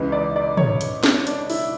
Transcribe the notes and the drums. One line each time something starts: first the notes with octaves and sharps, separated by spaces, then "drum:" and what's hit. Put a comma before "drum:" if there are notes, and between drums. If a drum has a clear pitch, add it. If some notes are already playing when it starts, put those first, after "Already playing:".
Already playing: C#2 C#3 E3 B4
D5
D5
C#5, drum: tom
drum: hi-hat
drum: snare
D4, drum: hi-hat
E4, drum: open hi-hat